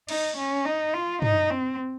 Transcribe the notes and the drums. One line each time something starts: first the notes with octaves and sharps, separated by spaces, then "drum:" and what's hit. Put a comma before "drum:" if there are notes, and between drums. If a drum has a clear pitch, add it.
D#4, drum: cymbal
C#4
D#4
F4
D#4, drum: tom
C4